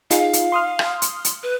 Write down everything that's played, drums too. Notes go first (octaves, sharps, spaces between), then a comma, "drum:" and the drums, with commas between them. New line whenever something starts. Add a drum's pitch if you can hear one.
D#4 F4 G#4 F5, drum: hi-hat
drum: hi-hat
C6 D#6 F6
drum: rim click
drum: hi-hat
drum: hi-hat
B4